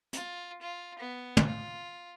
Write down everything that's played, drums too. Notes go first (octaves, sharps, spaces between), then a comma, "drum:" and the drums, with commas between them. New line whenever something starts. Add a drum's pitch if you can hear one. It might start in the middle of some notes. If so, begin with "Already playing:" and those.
F4, drum: hi-hat
F4
B3
drum: tom
F4